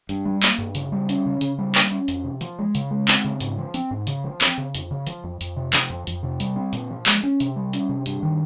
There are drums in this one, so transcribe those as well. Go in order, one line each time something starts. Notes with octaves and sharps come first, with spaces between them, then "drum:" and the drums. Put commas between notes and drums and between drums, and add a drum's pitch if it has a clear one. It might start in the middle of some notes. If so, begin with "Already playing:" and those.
G2, drum: hi-hat
G3
A#3, drum: clap
G2
C#3, drum: hi-hat
G3
C#4, drum: hi-hat
C#3
C#3, drum: hi-hat
G3
A#3, drum: clap
C#4
F2, drum: hi-hat
C3
F3, drum: hi-hat
G#3
C#3, drum: hi-hat
G#3
C4, drum: clap
C#3
G#2, drum: hi-hat
F3
C4, drum: hi-hat
G#2
C#3, drum: hi-hat
F3
C4, drum: clap
C#3
F2, drum: hi-hat
C#3
F3, drum: hi-hat
F2
F2, drum: hi-hat
C3
F3, drum: clap
F2
F2, drum: hi-hat
C3
G3, drum: hi-hat
C4
A#2, drum: hi-hat
F3
G#3, drum: clap
C#4
C3, drum: hi-hat
G3
C#4, drum: hi-hat
C3
G2, drum: hi-hat
D#3